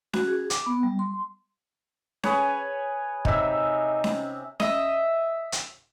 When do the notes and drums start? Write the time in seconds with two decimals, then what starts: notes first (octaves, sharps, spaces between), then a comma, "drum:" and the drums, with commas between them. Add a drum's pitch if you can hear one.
0.13 F#4, drum: snare C#4
0.27 G#4
0.50 D6, drum: hi-hat
0.66 B3
0.83 G3
0.99 C6
2.23 G#4 B4 C#5, drum: snare C#4
3.25 C3 D#4 E5, drum: kick
4.04 drum: snare C#4
4.60 D#5 E5, drum: snare C#4
5.52 drum: hi-hat